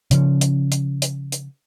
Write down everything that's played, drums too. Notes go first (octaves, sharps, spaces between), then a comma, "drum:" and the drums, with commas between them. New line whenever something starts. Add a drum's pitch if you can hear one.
C#3 F3 C#4, drum: hi-hat
drum: hi-hat
drum: hi-hat
drum: hi-hat
drum: hi-hat